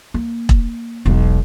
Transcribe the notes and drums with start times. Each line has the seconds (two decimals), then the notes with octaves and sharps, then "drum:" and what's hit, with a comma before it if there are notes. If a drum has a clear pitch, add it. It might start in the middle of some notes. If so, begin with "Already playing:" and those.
0.14 A#3
0.49 drum: kick E1
1.06 E1 B1